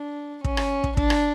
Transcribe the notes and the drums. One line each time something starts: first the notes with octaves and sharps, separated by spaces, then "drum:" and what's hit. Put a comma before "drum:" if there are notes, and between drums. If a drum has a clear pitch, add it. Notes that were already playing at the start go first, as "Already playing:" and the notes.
Already playing: D4
C#4, drum: kick
drum: rim click
drum: kick
D4, drum: kick
drum: rim click